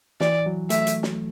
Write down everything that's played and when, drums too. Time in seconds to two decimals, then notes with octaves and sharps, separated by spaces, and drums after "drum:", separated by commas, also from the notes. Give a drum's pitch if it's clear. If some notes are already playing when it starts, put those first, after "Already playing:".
0.21 E3 D5, drum: snare
0.46 F#3
0.70 A3 E5, drum: hi-hat
0.87 drum: hi-hat
1.03 drum: snare